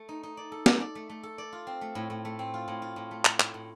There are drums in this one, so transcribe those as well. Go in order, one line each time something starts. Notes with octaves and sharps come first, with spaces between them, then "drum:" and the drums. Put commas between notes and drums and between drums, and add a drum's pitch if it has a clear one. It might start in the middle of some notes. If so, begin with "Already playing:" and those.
Already playing: A3 A4
D#4
D#4
D5
A4
D5, drum: snare
D5
A3
A3
A4
D5
F4
C4
A3
A2
A2
A3
C4
F4
A2
F4
A2
A3
A2, drum: clap
A2, drum: clap
A2